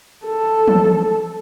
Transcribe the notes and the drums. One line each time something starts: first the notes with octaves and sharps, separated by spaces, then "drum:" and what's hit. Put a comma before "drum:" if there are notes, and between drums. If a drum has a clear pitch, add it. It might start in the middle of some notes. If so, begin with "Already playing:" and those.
A4
drum: tom E3